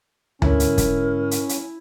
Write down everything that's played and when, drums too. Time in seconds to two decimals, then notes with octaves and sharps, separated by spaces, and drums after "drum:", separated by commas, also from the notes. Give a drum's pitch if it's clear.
0.42 G#2 D3 C#4 E4 A#4, drum: tom D2
0.60 drum: hi-hat
0.78 drum: kick, hi-hat
1.31 drum: hi-hat
1.49 drum: hi-hat